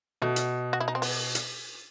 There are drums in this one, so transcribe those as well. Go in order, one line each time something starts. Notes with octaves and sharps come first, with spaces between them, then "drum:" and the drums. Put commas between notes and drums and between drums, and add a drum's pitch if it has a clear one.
B2 A3
drum: hi-hat
F#4
E4
D#4
C4
B3, drum: open hi-hat
drum: hi-hat